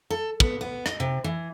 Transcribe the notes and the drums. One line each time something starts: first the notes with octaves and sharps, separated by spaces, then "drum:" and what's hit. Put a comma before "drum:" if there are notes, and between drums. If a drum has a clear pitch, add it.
A4
B3, drum: kick
B3
D#5, drum: rim click
C3
E3